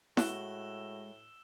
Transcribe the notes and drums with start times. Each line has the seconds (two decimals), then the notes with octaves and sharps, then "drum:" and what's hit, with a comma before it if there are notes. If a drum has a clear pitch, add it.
0.17 A2 G#3 F#4 E6 F#6 E7 G7, drum: snare E4